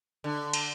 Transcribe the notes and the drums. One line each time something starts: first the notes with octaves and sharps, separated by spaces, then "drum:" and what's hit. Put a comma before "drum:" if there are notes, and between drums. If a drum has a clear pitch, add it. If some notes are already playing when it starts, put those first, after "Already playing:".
D3
drum: cymbal